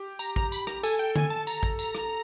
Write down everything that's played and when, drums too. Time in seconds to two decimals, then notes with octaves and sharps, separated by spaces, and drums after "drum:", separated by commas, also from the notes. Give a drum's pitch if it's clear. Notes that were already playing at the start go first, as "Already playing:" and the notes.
Already playing: G4
0.19 A#5, drum: tambourine
0.36 A#5, drum: kick
0.52 B5, drum: tambourine
0.67 A#5, drum: rim click
0.83 A4 G#5, drum: tambourine
0.99 G5
1.16 G#5, drum: tom
1.30 A5
1.47 A#5, drum: tambourine
1.63 drum: kick
1.79 A#5, drum: tambourine
1.95 drum: rim click